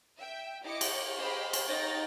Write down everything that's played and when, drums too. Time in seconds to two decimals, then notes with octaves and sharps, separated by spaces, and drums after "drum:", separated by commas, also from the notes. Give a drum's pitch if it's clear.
0.17 E5 G5
0.63 E4 G4 D#5 D6 C#7
0.81 drum: cymbal
1.17 G4 G#4 C5 D#5 B5
1.53 drum: cymbal
1.67 D#4 C#5 G5 A#5 A6 A#6